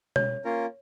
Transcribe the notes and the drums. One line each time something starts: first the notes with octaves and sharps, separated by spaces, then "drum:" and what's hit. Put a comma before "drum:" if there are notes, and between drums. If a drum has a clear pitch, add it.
C#5, drum: tom B2
A#3 C#4 F4 A#4